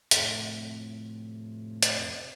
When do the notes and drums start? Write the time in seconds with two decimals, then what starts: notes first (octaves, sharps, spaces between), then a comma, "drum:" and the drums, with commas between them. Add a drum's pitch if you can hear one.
0.11 F2 A2 C3, drum: hi-hat
1.83 drum: hi-hat